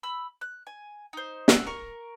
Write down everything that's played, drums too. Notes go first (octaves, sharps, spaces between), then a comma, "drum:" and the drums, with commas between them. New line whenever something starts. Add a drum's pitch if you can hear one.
B5 E6
F#6
G#5
D#4 C5
F#5 E6, drum: snare
A#4 C#6